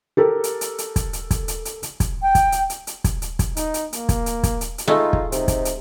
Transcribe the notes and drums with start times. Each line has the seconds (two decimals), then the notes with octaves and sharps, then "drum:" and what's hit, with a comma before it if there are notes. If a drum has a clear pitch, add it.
0.17 G4 A4 A#4
0.44 drum: hi-hat
0.61 drum: hi-hat
0.78 drum: hi-hat
0.96 drum: kick, hi-hat
1.13 drum: hi-hat
1.31 drum: kick, hi-hat
1.48 drum: hi-hat
1.65 drum: hi-hat
1.83 drum: hi-hat
2.00 drum: kick, hi-hat
2.22 G5
2.35 drum: kick, hi-hat
2.52 drum: hi-hat
2.70 drum: hi-hat
2.87 drum: hi-hat
3.04 drum: kick, hi-hat
3.22 drum: hi-hat
3.39 drum: kick, hi-hat
3.57 D#4, drum: hi-hat
3.74 drum: hi-hat
3.93 A#3, drum: hi-hat
4.09 drum: kick, hi-hat
4.26 drum: hi-hat
4.43 drum: kick, hi-hat
4.61 drum: hi-hat
4.78 drum: hi-hat
4.88 G#3 A3 D#4 F4
5.13 drum: kick
5.32 C3 D#4, drum: hi-hat
5.48 drum: kick, hi-hat
5.65 drum: hi-hat